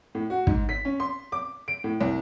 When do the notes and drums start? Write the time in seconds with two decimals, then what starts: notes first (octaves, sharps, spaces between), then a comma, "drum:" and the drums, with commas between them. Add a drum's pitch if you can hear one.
0.15 A2
0.30 F#4
0.47 G#2, drum: kick
0.69 B6
0.85 C#4
1.00 C6
1.32 D6
1.68 D7
1.84 A2
2.01 C2